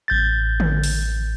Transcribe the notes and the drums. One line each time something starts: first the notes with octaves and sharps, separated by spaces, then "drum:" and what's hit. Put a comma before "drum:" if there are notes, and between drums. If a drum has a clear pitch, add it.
A1 G6 A6
drum: tom D3
drum: open hi-hat